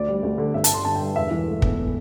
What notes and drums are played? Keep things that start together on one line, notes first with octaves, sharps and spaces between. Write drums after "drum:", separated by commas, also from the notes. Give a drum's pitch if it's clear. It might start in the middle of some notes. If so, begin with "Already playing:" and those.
Already playing: D2 D5
G3
D2
D3
G1 E5
A5, drum: hi-hat
D3 C6
G1 A5
G5
G2
E1 E5
E3
A3
E2, drum: kick